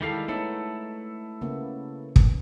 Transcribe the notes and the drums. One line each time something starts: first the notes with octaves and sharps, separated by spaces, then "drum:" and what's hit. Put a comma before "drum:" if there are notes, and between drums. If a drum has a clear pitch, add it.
D#3 G3 G#3 E4 A4 F5
A3 B3 D#4 E4 A4 C#5
C#3 A#3 B3
drum: kick